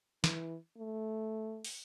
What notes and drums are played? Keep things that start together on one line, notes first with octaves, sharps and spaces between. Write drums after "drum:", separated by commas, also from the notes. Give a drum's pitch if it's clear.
E3, drum: snare
A3
drum: open hi-hat